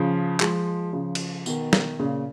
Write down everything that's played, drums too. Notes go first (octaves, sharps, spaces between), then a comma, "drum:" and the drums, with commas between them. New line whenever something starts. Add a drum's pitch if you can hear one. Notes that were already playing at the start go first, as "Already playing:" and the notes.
Already playing: C#3 F3
F3 G#3, drum: clap
C#3 F3
drum: cymbal
B2 D#3, drum: tambourine
drum: snare
A#2 C#3